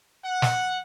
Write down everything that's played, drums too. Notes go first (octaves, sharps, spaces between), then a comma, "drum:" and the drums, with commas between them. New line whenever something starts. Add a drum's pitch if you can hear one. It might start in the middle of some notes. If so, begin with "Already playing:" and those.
F#5
drum: snare